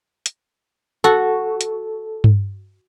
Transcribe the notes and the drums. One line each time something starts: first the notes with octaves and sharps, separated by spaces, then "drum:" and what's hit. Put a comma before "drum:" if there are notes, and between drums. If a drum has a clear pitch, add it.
drum: hi-hat
F#4 A4
drum: hi-hat
drum: tom G2